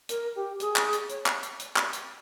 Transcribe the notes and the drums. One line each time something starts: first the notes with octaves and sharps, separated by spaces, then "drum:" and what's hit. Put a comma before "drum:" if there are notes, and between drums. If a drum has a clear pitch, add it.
A#4, drum: hi-hat
G4
G#4, drum: hi-hat
drum: clap
drum: hi-hat
C#5, drum: hi-hat
drum: clap
drum: hi-hat
drum: hi-hat
drum: clap
drum: hi-hat